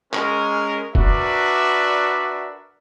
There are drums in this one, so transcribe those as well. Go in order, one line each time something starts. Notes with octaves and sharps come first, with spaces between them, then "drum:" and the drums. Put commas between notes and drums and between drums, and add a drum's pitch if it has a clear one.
G#3 C#4 A#4, drum: clap
D4 F#4 A#4 B4 D5 E5, drum: kick